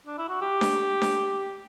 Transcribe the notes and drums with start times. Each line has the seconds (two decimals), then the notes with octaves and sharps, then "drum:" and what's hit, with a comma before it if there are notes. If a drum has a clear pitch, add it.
0.07 D4
0.18 E4
0.29 F#4
0.41 G4
0.61 drum: snare D4
1.02 drum: snare D4